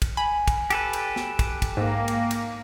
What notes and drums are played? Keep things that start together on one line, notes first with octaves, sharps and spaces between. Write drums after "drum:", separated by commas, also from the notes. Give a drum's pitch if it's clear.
drum: kick, cymbal
G#5 B5
drum: kick, cymbal
G4 A4 B4, drum: cymbal
drum: cymbal
drum: snare
drum: kick, cymbal
drum: kick, cymbal
G#2 A#3
drum: cymbal
drum: cymbal